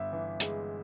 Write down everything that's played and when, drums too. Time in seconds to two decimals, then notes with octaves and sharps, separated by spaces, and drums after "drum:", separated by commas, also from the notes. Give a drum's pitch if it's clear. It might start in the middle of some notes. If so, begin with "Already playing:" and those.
Already playing: G1 E5
0.13 E3
0.40 G#3, drum: hi-hat